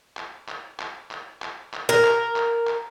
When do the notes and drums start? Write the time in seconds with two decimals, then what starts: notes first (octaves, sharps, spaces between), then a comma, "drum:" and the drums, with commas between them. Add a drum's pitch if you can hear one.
0.17 drum: clap
0.48 drum: clap
0.79 drum: clap
1.11 drum: clap
1.42 drum: clap
1.73 drum: clap
1.89 A#4
2.05 drum: clap
2.36 drum: clap
2.67 drum: clap